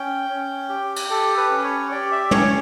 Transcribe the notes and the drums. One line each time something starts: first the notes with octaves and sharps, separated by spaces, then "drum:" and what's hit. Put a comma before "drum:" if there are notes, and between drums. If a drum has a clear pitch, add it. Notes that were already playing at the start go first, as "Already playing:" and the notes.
Already playing: C#4 G5
C#4
G4
drum: cymbal
G4 A4
B4
C#4
C#5
G4 D5
E5
C#4 C#5, drum: tom